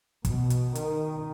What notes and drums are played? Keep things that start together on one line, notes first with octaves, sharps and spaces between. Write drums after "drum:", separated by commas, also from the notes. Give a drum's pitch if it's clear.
B2, drum: kick, hi-hat
drum: hi-hat
D#3, drum: hi-hat